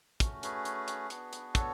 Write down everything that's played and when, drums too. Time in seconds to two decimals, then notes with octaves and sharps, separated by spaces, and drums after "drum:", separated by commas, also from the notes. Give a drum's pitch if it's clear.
0.20 A3 C#4 F#4, drum: kick, hi-hat
0.43 G#4 B4, drum: hi-hat
0.65 drum: hi-hat
0.88 drum: hi-hat
1.10 B3 D4 F#4, drum: hi-hat
1.33 drum: hi-hat
1.55 A4 C#5, drum: kick, hi-hat